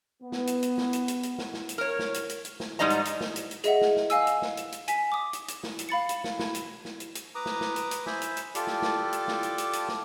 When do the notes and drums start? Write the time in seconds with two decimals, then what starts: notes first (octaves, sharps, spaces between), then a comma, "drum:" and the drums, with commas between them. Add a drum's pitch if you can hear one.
0.23 B3
0.32 drum: snare
0.47 drum: hi-hat
0.63 drum: hi-hat
0.78 drum: snare
0.93 drum: hi-hat
1.08 drum: hi-hat
1.23 drum: hi-hat
1.38 drum: snare
1.54 drum: snare
1.69 drum: hi-hat
1.78 A#4 C#5
1.99 drum: snare
2.14 drum: hi-hat
2.30 drum: hi-hat
2.45 drum: hi-hat
2.60 drum: snare
2.79 G#2 G3 D#4 D5 D#5 A#5
2.90 drum: hi-hat
3.05 drum: hi-hat
3.21 drum: snare
3.36 drum: hi-hat
3.51 drum: hi-hat
3.64 G#4 D#5 E5 F#5, drum: hi-hat
3.81 drum: snare
3.96 drum: snare
4.10 D#5 F5 G#5 E6, drum: hi-hat
4.27 drum: hi-hat
4.42 drum: snare
4.57 drum: hi-hat
4.72 drum: hi-hat
4.88 G#5 B6, drum: hi-hat
5.12 D6 D#6
5.33 drum: hi-hat
5.48 drum: hi-hat
5.63 drum: snare
5.79 drum: hi-hat
5.89 F5 B5 A6 C#7
6.09 drum: hi-hat
6.24 drum: snare
6.39 drum: snare
6.55 drum: hi-hat
6.85 drum: snare
7.00 drum: hi-hat
7.15 drum: hi-hat
7.35 B4 A#5 D6 D#6
7.46 drum: snare
7.61 drum: snare
7.76 drum: hi-hat
7.91 drum: hi-hat
8.06 C5 E5 G#5 B5, drum: snare
8.22 drum: hi-hat
8.37 drum: hi-hat
8.55 F4 G4 A4 D5, drum: hi-hat
8.67 drum: snare
8.82 drum: snare
9.13 drum: hi-hat
9.28 drum: snare
9.43 drum: hi-hat
9.58 drum: hi-hat
9.73 drum: hi-hat
9.88 drum: snare